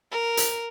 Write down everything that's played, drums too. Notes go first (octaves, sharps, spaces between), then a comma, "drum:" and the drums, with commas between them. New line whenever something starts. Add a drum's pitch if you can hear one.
A#4
drum: hi-hat